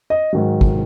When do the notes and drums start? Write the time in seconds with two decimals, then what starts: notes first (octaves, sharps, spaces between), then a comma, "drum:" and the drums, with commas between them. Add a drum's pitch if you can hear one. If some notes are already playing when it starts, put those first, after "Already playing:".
0.10 D#5
0.33 G#2 D#3 F#3
0.61 drum: kick